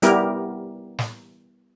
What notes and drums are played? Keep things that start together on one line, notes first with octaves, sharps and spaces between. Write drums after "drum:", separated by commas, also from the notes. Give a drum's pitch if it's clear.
G3 B3 E4 G4 A#4, drum: hi-hat
drum: snare